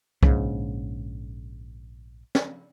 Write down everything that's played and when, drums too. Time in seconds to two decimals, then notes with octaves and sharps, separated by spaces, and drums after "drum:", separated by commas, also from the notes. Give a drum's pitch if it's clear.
0.23 A#1 G#2 C#3, drum: kick C2
2.35 drum: snare